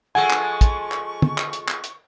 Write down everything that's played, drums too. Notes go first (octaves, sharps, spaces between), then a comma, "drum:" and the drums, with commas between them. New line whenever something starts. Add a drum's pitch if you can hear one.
F3 G#3 A4 F#5 G#5 C#6
drum: clap
drum: kick, hi-hat
drum: clap
drum: tom
drum: clap
drum: hi-hat
drum: clap
drum: hi-hat